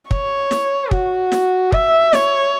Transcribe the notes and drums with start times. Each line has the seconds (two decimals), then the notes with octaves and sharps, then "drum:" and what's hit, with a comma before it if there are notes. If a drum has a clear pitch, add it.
0.11 C#5, drum: kick
0.51 drum: snare
0.91 F#4, drum: kick
1.32 drum: snare
1.72 E5, drum: kick
2.13 C#5, drum: snare